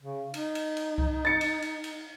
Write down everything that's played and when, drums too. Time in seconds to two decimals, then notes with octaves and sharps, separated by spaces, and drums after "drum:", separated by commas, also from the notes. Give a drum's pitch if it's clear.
0.02 C#3
0.34 D#4, drum: cymbal
0.55 drum: cymbal
0.77 drum: cymbal
0.98 drum: kick C2
1.25 A6 C#7
1.41 drum: cymbal
1.62 drum: cymbal
1.84 drum: cymbal